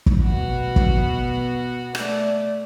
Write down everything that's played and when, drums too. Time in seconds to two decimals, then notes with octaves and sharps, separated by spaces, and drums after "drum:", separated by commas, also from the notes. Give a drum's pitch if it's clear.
0.06 drum: kick
0.19 B2 B3 F#4
0.76 drum: kick
1.95 A3 D5, drum: rim click